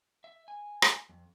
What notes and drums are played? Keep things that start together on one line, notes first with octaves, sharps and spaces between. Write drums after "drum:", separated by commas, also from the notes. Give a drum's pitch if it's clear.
E5
G#5
drum: rim click
F2